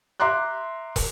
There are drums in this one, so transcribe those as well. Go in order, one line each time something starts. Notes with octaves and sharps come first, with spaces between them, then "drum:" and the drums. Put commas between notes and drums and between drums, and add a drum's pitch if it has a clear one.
E5 A#5 C6 D6 F#6
drum: kick, open hi-hat